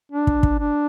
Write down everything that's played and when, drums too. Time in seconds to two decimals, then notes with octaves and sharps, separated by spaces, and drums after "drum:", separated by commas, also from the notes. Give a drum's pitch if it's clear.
0.12 D4
0.27 drum: kick
0.43 drum: kick
0.59 D4